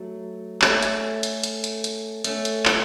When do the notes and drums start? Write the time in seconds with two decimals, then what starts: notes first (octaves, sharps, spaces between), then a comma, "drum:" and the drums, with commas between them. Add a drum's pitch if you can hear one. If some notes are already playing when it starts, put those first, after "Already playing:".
Already playing: F#3 A3
0.62 A3 C#4, drum: clap
0.83 drum: hi-hat
1.23 drum: hi-hat
1.44 drum: hi-hat
1.64 drum: hi-hat
1.84 drum: hi-hat
2.24 A3 C#4, drum: hi-hat
2.45 drum: hi-hat
2.65 drum: clap